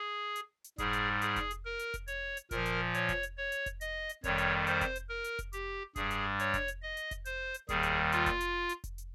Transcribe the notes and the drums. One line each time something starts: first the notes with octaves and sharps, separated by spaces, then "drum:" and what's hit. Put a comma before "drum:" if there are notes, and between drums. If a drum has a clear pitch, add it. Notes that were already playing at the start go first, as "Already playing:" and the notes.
Already playing: G#4
drum: hi-hat
drum: hi-hat
G#2 G3 G#4, drum: kick F1, hi-hat
drum: hi-hat
G#4, drum: hi-hat
drum: kick F1, hi-hat
drum: hi-hat
A#4
drum: hi-hat
drum: kick F1, hi-hat
C#5, drum: hi-hat
drum: hi-hat
A#2 F3 A#4, drum: kick F1, hi-hat
drum: hi-hat
C#5, drum: hi-hat
drum: kick F1, hi-hat
drum: hi-hat
C#5
drum: hi-hat
drum: kick F1, hi-hat
D#5, drum: hi-hat
drum: hi-hat
F2 D#3 G3 C#5, drum: kick F1, hi-hat
drum: hi-hat
C5, drum: hi-hat
drum: kick F1, hi-hat
drum: hi-hat
A#4
drum: hi-hat
drum: kick F1, hi-hat
G4, drum: hi-hat
G2 G3 G#4, drum: kick F1, hi-hat
drum: hi-hat
C#5, drum: hi-hat
drum: kick F1, hi-hat
drum: hi-hat
D#5
drum: hi-hat
drum: kick F1, hi-hat
C5, drum: hi-hat
drum: hi-hat
D#2 D#3 G3 G#4, drum: kick F1, hi-hat
drum: hi-hat
F4, drum: hi-hat
drum: kick F1, hi-hat
drum: hi-hat
drum: hi-hat
drum: kick F1, hi-hat
drum: hi-hat